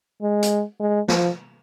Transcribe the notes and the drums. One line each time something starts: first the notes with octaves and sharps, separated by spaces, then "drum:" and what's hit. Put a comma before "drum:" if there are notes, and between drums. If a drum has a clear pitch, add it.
G#3
drum: hi-hat
G#3
F3, drum: snare